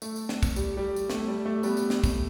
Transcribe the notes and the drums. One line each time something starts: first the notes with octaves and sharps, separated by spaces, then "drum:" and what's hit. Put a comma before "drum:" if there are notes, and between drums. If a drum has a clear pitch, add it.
A3, drum: tambourine
drum: tambourine
drum: snare
drum: kick, tambourine
G3, drum: tambourine
G3
drum: tambourine
A3, drum: snare
G3
A3
G3 B3, drum: tambourine
drum: tambourine
drum: snare
drum: kick, tambourine